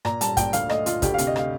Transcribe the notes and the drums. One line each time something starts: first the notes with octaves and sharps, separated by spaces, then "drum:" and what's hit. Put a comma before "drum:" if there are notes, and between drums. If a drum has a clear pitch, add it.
A#2 A#5, drum: rim click
G3 A5, drum: hi-hat
A#2 G5, drum: kick, hi-hat
D2 F5, drum: hi-hat
A3 D#5, drum: rim click
D3 F4, drum: hi-hat
D2 G4, drum: kick, hi-hat
F5
C3, drum: hi-hat
D#5
A3 F5, drum: rim click